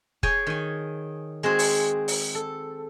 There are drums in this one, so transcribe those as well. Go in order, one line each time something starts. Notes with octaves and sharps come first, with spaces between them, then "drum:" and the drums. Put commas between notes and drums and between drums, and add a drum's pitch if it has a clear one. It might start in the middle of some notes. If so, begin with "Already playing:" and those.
G#4 C#5 G5 G#5, drum: kick
D#3 G#5
G#3 C4 F#4 G#4
drum: open hi-hat
drum: open hi-hat
A4